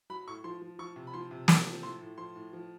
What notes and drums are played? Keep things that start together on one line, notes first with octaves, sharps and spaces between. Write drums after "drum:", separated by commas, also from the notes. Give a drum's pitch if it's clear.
F#3 B5
A2 C#6
F3 C6
F3
F3 C#6
C3
B5
F3 C6
C3
C3 B5, drum: snare
F3
A2 C6
A2
F3 C6
A2
F3